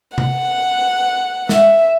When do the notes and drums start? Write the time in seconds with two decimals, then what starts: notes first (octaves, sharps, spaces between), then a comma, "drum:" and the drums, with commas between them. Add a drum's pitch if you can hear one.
0.18 F#5, drum: tom C3
1.49 E5, drum: snare